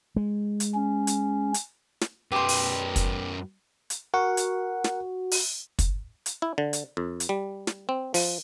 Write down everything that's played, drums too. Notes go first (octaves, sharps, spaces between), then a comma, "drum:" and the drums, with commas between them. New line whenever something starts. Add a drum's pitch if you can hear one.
G#3
drum: hi-hat
C#4
drum: hi-hat
drum: hi-hat
drum: snare
F#2 G4 B4 C6
drum: open hi-hat
drum: kick, hi-hat
drum: hi-hat
F#4 A#4 F#5
drum: hi-hat
drum: snare
drum: open hi-hat
drum: kick, hi-hat
drum: hi-hat
E4
D3
drum: hi-hat
F2
drum: hi-hat
G3
drum: snare
C4
F3, drum: open hi-hat